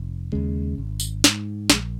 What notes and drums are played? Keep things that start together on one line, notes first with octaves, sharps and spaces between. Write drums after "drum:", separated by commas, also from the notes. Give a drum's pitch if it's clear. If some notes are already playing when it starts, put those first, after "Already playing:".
Already playing: F1
D#2 C#3 G#3
G#1
drum: tambourine
G#2, drum: snare
A#1 G#3, drum: snare